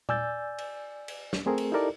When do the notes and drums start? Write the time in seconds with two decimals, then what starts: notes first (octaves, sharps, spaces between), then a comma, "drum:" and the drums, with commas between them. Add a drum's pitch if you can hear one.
0.09 D5 G#5 E6 G6 A6, drum: tom A#2
0.58 drum: cymbal
1.08 drum: cymbal
1.33 drum: snare
1.46 A3 C4 G#4 A#4
1.58 drum: cymbal
1.72 D#4 E4 G4 A4 A#4 D5